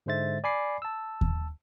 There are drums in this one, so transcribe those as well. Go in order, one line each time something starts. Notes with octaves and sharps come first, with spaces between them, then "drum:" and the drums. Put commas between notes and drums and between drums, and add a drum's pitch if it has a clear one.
G#2 D3 G#3 C5 E5 A6
D5 G#5 B5 D6 C7
A5 E6
drum: kick D#2